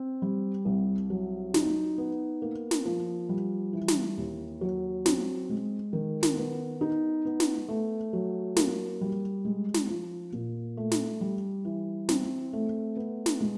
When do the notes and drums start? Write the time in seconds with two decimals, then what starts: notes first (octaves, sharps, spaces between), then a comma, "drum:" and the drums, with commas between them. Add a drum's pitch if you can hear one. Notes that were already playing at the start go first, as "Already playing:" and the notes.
Already playing: C4
0.22 G3
0.65 C2
1.10 F#3
1.54 D#4, drum: snare
1.98 B3
2.42 A#3
2.71 drum: snare
2.85 F3
3.29 G3
3.73 E3
3.88 drum: snare
4.17 D#2
4.61 F#3
5.06 C4, drum: snare
5.50 G#3
5.93 D#3
6.23 drum: snare
6.37 B3
6.81 D#4
7.25 B3
7.40 drum: snare
7.69 A3
8.13 F#3
8.56 A#3, drum: snare
9.01 G3
9.45 G#3
9.74 drum: snare
9.89 F3
10.33 A#2
10.77 A3
10.91 drum: snare
11.21 G3
11.65 E3
12.09 C4, drum: snare
12.53 A3
12.97 B3
13.26 drum: snare
13.41 G#3